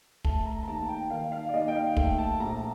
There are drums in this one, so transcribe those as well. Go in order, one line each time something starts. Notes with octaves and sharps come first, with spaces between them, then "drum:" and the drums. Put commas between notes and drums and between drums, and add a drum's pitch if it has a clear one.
A3 A5, drum: kick
A#5
A#5
D#2 A5
G5
D#3 F5
F5
D5
D#2 D#5
G5
F5
A3 G5, drum: kick
A5
A#1 A#5